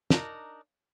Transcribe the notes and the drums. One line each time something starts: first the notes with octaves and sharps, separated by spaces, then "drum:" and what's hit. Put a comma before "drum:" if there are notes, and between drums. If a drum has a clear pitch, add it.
D4 D#4 A#4, drum: snare